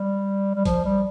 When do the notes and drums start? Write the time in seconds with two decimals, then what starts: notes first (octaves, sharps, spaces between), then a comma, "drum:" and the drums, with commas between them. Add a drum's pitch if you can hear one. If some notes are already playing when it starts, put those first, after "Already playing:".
Already playing: G3
0.55 G3
0.65 F3, drum: kick A1, hi-hat
0.85 G3